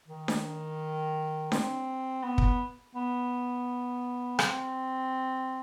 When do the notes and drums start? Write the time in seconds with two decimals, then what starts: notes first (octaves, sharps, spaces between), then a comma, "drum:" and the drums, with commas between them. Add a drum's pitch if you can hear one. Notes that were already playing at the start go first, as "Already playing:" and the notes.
0.08 D#3
0.28 drum: snare D4
1.52 C4, drum: snare D4
2.23 B3
2.38 drum: kick
2.95 B3
4.39 C4, drum: rim click